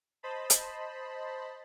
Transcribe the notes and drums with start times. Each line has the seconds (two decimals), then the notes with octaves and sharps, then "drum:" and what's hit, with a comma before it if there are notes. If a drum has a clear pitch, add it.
0.23 C5 D#5 A5 B5
0.50 drum: hi-hat